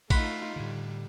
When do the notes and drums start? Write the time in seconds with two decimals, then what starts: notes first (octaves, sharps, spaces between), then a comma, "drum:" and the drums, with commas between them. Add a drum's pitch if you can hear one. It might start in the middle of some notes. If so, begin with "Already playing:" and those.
0.10 A3 D#4 F4 F#5 B5 C6, drum: kick, cymbal
0.56 A2 D3 G3